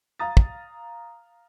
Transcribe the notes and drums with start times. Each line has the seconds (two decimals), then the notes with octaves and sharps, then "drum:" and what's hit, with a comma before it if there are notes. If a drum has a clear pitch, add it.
0.19 F5 A#5 D#6 A6
0.37 drum: kick